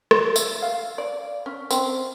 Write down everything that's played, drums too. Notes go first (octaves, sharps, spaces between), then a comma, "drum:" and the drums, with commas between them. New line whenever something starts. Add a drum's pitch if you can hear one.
drum: rim click
E5, drum: tambourine
F5
D5
C#4
C4, drum: tambourine